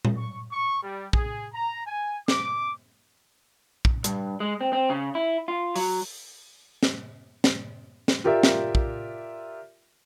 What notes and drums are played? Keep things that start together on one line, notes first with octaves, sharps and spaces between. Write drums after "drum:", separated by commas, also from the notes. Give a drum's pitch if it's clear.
drum: tom A#2
C#6
C#6
G3
G#4, drum: kick
A#5
G#5
D6, drum: snare
drum: kick
G2, drum: hi-hat
G#3
C4
C4
C#3
E4
F4
F#3, drum: open hi-hat
drum: snare
drum: snare
drum: snare
F4 G4 A#4 D5 E5
drum: snare
drum: kick